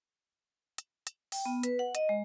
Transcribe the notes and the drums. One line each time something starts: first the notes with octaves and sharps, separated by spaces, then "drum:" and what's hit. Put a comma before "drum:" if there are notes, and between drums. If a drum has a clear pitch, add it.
drum: hi-hat
drum: hi-hat
G5, drum: open hi-hat
B3
B4, drum: hi-hat
F#5
D#5, drum: hi-hat
G#3